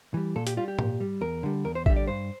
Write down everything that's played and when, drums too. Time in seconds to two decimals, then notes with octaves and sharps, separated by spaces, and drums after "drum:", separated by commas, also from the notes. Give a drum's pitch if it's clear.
0.14 E3 G3
0.36 A#2 A4
0.47 G4, drum: hi-hat
0.57 G3 F4
0.68 G4
0.79 A#2, drum: tom
1.00 G3
1.21 E2 A#4
1.43 D3 G3
1.65 E2 A#4
1.75 C5
1.86 D3 G3 E5, drum: kick A1
1.96 D5
2.07 G2 C5